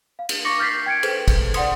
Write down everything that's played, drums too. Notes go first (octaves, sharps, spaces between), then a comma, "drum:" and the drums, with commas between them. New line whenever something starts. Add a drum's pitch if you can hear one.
F5
drum: cymbal
C#6 D6 A#6 C#7
F6 G6 A6 B6 C7
G5 G#6 C#7 D7
G#4 A4 B4 C5, drum: cymbal
drum: kick G#1, cymbal
D5 F#5 C6 D#6, drum: cymbal